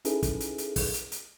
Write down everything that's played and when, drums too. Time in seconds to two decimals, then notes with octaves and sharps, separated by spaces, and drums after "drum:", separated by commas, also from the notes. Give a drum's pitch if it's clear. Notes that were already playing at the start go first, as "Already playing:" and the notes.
0.05 C#4 D#4 E4 G#4 A4 B4, drum: hi-hat
0.23 drum: kick, hi-hat
0.40 drum: hi-hat
0.58 drum: hi-hat
0.76 drum: kick, open hi-hat
0.94 drum: hi-hat
1.12 drum: hi-hat